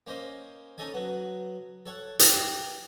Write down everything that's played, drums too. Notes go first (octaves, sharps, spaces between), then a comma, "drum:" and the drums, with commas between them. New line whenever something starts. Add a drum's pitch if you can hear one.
A#3 C#4 C5 D#5
C#4 D#4 A4 D#5 G#5
F#3 B3
A4 C#5 F#5
G4 F#5, drum: hi-hat